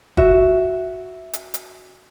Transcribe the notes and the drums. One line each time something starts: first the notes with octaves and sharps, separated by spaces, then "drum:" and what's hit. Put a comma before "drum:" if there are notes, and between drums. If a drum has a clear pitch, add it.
F#4 E5, drum: kick
drum: hi-hat
drum: hi-hat